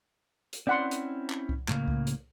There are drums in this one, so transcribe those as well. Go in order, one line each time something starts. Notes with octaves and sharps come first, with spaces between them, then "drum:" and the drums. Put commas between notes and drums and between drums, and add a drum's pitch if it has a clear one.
drum: hi-hat
C4 C#4 E4 D5 F#5 C6
drum: hi-hat
drum: clap
drum: kick C2
A2 C#3 A#3, drum: clap
drum: kick C2
drum: hi-hat